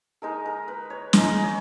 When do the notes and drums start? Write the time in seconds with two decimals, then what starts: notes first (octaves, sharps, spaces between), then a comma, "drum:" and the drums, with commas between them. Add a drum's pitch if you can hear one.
0.22 G#3 D#4 A#4
0.46 A#4
0.68 B4
0.90 C#5
1.13 G#3 D#4 D#5, drum: snare
1.43 C#5